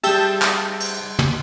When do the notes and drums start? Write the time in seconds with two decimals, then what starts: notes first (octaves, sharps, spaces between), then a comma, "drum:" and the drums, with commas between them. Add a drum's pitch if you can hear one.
0.03 G3 G4 G#4 E5 A5 E6 G6, drum: cymbal
0.42 drum: clap
0.80 drum: cymbal
1.19 drum: tom